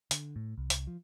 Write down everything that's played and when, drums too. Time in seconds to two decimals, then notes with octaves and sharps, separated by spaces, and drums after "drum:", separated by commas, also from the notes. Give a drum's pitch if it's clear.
0.11 D3, drum: hi-hat
0.36 A2
0.58 C2
0.70 drum: hi-hat
0.87 F3